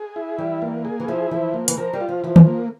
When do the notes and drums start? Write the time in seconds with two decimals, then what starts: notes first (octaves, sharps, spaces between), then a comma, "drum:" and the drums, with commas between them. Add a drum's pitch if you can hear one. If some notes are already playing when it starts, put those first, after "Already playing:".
Already playing: G#4
0.16 E4
0.38 E3 G3
0.62 A#3
0.85 G#4
1.00 E3
1.08 F3 E4
1.31 E3 F3
1.54 A#3
1.68 E3, drum: hi-hat
1.78 F3 A#4
1.93 G3
2.00 F4
2.09 F3
2.24 E3 F3
2.36 drum: tom D#3
2.47 A#3